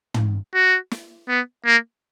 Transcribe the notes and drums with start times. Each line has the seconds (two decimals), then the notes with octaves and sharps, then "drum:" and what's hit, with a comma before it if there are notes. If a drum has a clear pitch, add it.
0.14 drum: tom
0.54 F#4
0.91 drum: snare
1.29 B3
1.65 A#3